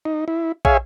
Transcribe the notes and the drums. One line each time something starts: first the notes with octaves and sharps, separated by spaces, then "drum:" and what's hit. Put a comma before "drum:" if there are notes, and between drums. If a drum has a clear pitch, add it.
D#4
E4
G#4 C#5 E5 F5 G#5, drum: kick